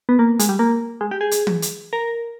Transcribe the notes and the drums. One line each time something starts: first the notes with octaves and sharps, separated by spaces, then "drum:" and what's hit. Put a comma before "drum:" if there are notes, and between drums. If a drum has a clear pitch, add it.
B3
A#3
G#3, drum: hi-hat
G3
A#3
G#3
G4
G#4
drum: hi-hat
drum: tom E3
drum: hi-hat
A#4